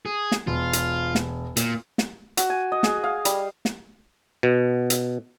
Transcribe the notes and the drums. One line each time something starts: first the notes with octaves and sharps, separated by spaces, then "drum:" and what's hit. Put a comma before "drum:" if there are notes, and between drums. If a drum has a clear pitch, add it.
G#4
drum: snare
E1 F4
drum: hi-hat
drum: snare
A#2, drum: hi-hat
drum: snare
F#4, drum: hi-hat
G#5
D#5
G#4, drum: snare
F5
G3, drum: hi-hat
drum: snare
B2
drum: hi-hat